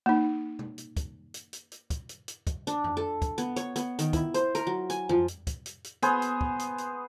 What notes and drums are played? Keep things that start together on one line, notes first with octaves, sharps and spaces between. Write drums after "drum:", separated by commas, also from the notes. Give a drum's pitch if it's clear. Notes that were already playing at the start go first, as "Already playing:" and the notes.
A#3 D#4
drum: tom B2
drum: hi-hat
drum: kick, hi-hat
drum: hi-hat
drum: hi-hat
drum: hi-hat
drum: kick, hi-hat
drum: hi-hat
drum: hi-hat
drum: kick, hi-hat
D4, drum: hi-hat
drum: tom F2
A4
drum: kick, hi-hat
B3, drum: hi-hat
C#5, drum: hi-hat
B3, drum: hi-hat
D#3, drum: hi-hat
E4, drum: kick, hi-hat
C5, drum: hi-hat
A#4, drum: hi-hat
F#3
G#5, drum: hi-hat
F3, drum: tom F2
drum: hi-hat
drum: kick, hi-hat
drum: hi-hat
drum: hi-hat
B3 G#4 C5, drum: hi-hat
drum: hi-hat
drum: kick
drum: hi-hat
drum: hi-hat